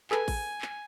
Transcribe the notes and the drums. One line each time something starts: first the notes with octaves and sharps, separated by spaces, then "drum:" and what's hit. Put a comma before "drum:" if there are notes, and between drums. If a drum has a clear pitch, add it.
G#4 A4 B4 G#5, drum: clap
drum: kick A1, open hi-hat
drum: clap